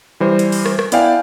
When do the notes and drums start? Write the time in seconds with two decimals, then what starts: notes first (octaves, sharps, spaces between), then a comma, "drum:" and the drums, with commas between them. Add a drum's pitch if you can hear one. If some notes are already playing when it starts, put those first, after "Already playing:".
0.20 E3 G3 C5
0.39 drum: hi-hat
0.52 drum: open hi-hat
0.66 drum: rim click
0.79 drum: rim click
0.92 B3 E4 D5 F5 G5 G#5, drum: hi-hat